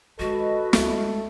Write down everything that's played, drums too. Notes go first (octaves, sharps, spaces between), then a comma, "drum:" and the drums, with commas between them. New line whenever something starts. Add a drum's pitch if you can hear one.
D3 G#3 F#4 A4 B4 D#5
C#2 G#3 A3, drum: snare